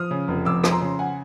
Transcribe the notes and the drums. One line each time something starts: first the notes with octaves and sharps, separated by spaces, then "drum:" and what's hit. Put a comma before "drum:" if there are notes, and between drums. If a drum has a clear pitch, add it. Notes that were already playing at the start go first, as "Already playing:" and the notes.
Already playing: F3 D#6 F6
C#3
F1
F2 D6 E6
F3, drum: rim click
A#5 C6
C#3
F#5 G#5